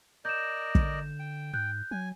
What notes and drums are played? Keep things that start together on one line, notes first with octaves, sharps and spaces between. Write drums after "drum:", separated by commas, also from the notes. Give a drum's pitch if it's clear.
A#4 D5 D#5 G6 E7
D3, drum: kick
G5
G#2 F#6 G6
F#3 G#5